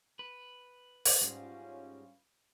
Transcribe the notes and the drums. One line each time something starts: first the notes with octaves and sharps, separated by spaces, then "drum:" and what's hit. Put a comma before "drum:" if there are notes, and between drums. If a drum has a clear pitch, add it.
B4
drum: open hi-hat
G#2 G3 G#3 C#4 F4